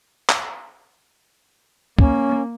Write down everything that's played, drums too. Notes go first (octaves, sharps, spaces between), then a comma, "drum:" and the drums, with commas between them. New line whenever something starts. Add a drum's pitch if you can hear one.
drum: clap
A#3 C#4, drum: kick